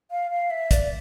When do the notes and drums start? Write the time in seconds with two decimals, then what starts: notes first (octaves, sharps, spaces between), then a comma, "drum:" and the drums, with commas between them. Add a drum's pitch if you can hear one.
0.11 F5
0.31 F5
0.51 E5
0.71 D5, drum: kick, hi-hat